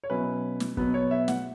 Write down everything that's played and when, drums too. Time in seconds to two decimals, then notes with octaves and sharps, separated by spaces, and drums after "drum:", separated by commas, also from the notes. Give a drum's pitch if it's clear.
0.04 C#5
0.10 B2 F#3 C#4 E4 B4
0.60 drum: snare
0.77 B2 F#3 B3 B4, drum: kick
0.94 C#5
1.11 E5
1.28 F#5, drum: snare